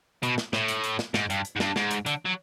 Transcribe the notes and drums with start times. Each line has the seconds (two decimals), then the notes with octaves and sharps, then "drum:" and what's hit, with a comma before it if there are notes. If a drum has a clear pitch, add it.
0.23 B2, drum: hi-hat
0.38 drum: snare
0.53 A2, drum: snare
0.68 drum: hi-hat
0.84 drum: hi-hat
0.99 drum: snare
1.14 G#2, drum: snare
1.30 G2, drum: hi-hat
1.45 drum: hi-hat
1.56 G#2
1.60 G2, drum: snare
1.76 G#2, drum: snare
1.91 drum: hi-hat
2.06 D3, drum: hi-hat
2.26 F#3